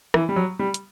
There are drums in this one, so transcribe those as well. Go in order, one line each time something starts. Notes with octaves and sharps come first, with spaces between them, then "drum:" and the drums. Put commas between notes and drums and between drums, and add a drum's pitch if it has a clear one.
E3, drum: rim click
G3
F#3
G3
drum: hi-hat